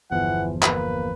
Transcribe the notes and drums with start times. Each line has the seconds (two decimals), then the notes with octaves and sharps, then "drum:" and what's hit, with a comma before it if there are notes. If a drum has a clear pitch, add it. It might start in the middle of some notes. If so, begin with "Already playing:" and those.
0.11 G1 E2 E3 F3 F#5
0.63 A#3 B4, drum: clap